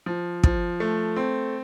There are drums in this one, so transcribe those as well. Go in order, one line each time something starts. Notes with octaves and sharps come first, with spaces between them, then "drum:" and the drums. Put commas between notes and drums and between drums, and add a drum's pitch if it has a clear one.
F3
F3, drum: kick
A3
C4